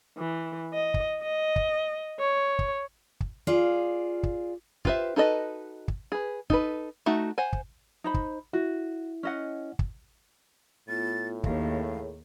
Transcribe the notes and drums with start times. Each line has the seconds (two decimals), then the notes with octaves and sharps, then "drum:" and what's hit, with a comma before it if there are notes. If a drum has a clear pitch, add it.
0.18 E3
0.74 D#5
0.94 drum: kick
1.22 D#5
1.56 drum: kick
2.19 C#5
2.59 drum: kick
3.20 drum: kick
3.47 F4 G#4 D5 F5
4.23 drum: kick
4.85 F4 G4 B4 C5 E5, drum: kick
5.16 D#4 F#4 A4 B4 D#5
5.88 drum: kick
6.12 G#4 B4
6.50 D#4 A4 B4, drum: kick
7.06 A3 D#4 F#4 E5
7.38 C5 F#5 G#5
7.53 drum: kick
8.04 D#4 C5 B5
8.14 drum: kick
8.53 E4 F#4
9.23 C#4 D#5 F#5
9.79 drum: kick
10.88 A2 B3 F4 A6
11.44 D#2 G#4 A#4 C#5 F5, drum: kick